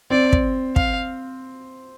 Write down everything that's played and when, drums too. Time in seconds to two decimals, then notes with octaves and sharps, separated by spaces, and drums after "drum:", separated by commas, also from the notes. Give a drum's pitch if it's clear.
0.10 C4 D5
0.33 drum: kick
0.76 F5, drum: kick